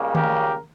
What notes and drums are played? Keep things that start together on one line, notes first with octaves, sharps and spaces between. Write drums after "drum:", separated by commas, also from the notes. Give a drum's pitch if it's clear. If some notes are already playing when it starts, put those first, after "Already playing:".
Already playing: C#2 C#3 G3 A#3
G4 A#4, drum: tom D#3